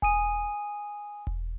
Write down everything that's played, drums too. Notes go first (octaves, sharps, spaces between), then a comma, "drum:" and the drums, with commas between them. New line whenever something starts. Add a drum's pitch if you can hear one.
G#5 D#6 D#7, drum: kick E1
drum: kick E1